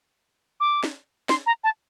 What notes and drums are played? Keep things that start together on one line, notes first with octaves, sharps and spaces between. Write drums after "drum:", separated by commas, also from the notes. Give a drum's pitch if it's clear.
D6
drum: snare
C6, drum: snare
A#5
A5